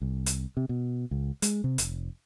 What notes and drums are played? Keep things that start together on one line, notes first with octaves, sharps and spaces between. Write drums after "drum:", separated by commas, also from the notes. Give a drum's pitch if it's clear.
C2
drum: hi-hat
C3
B2
C#2
G#3, drum: hi-hat
C3
F1, drum: hi-hat